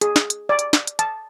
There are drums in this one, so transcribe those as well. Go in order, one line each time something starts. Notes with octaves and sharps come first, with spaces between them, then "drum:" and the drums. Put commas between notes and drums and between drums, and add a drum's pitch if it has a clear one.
G#4, drum: hi-hat
drum: snare
drum: hi-hat
D5
drum: hi-hat
drum: snare
drum: hi-hat
A5, drum: hi-hat